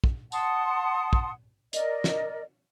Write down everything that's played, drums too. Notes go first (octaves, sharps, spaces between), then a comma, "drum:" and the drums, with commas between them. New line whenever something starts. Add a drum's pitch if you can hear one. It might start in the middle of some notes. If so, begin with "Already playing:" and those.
drum: kick
F#5 A5 C6 D#6, drum: tambourine
drum: kick
A#4 D5 D#5, drum: hi-hat
drum: snare